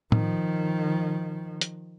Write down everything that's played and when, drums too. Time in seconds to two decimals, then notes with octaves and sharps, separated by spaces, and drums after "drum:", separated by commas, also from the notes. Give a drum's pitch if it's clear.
0.12 D#3 F3, drum: tom A2
1.61 drum: hi-hat